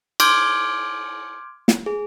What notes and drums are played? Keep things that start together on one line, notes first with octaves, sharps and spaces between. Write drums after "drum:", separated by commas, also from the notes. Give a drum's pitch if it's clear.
C6 D6 F6 G6 G#6 D7, drum: cymbal
drum: snare
G#4